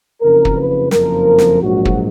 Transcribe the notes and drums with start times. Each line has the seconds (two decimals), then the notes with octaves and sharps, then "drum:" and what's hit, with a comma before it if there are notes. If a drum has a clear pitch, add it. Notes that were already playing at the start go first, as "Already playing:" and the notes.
0.21 F#1 F2 C#3 F3 A#4
0.45 drum: kick
0.57 B4
0.91 F#1 F2 F3 A#4, drum: snare
1.39 drum: snare
1.62 A#1 G#2 F#3 F#4
1.85 drum: kick